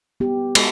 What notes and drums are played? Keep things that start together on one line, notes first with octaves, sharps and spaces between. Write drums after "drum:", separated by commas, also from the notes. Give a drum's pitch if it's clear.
B3 G4
G#3, drum: cymbal